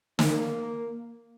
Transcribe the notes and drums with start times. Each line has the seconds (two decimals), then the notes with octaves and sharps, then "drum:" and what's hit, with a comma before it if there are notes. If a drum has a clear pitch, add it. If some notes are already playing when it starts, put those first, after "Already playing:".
0.19 A#3, drum: snare